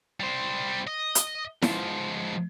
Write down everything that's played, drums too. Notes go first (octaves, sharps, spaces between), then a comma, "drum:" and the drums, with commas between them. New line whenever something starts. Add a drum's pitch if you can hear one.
G3 C5
D#5
drum: hi-hat
G#2 F3, drum: snare E4